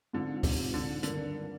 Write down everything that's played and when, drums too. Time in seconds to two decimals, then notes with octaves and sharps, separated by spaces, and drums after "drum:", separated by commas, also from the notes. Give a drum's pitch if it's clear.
0.13 G#2 D3 F3 C4 F4
0.43 C3, drum: kick C#2, open hi-hat
0.74 D3
1.03 G2 D3 D#3 A#3, drum: hi-hat